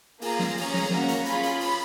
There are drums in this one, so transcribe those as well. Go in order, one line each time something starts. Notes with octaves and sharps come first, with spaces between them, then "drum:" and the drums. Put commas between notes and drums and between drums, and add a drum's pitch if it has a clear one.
A#3 F4 G#4 A#5, drum: open hi-hat
drum: snare
C#4 G#4 A#5, drum: open hi-hat
drum: snare
A#3 C#4 F#4, drum: snare
drum: hi-hat
C#4 F4 G#4 B5, drum: hi-hat
drum: hi-hat
drum: open hi-hat